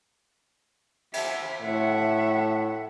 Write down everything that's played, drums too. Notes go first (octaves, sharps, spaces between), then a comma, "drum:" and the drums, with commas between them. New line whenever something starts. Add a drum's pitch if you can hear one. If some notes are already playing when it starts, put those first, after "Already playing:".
E5, drum: cymbal
A2 E5 F#5